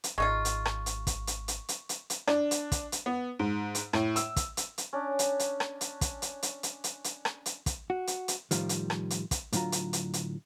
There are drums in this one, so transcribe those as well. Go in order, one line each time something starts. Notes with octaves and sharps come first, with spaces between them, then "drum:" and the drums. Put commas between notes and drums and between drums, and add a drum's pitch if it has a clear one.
drum: hi-hat
G#1 G#3 D#4 F4 C#6
drum: hi-hat
drum: rim click
drum: hi-hat
drum: kick, hi-hat
drum: hi-hat
drum: hi-hat
drum: hi-hat
drum: hi-hat
drum: hi-hat
D4, drum: rim click
drum: hi-hat
drum: kick, hi-hat
drum: hi-hat
B3
G#2
drum: hi-hat
A2, drum: rim click
E6, drum: hi-hat
drum: kick, hi-hat
drum: hi-hat
drum: hi-hat
C#4 D4
drum: hi-hat
drum: hi-hat
drum: rim click
drum: hi-hat
drum: kick, hi-hat
drum: hi-hat
drum: hi-hat
drum: hi-hat
drum: hi-hat
drum: hi-hat
drum: rim click
drum: hi-hat
drum: kick, hi-hat
F#4
drum: hi-hat
drum: hi-hat
A2 D#3 F3 G3, drum: hi-hat
drum: hi-hat
drum: rim click
drum: hi-hat
drum: kick, hi-hat
A2 D3 F#3 F4 A#5, drum: hi-hat
drum: hi-hat
drum: hi-hat
drum: hi-hat